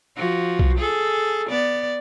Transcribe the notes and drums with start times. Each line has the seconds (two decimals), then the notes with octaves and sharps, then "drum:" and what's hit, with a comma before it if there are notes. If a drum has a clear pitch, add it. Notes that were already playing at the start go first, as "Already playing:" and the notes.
0.17 F3 F#4
0.59 drum: kick B1
0.78 G#4 A4
1.50 B3 D5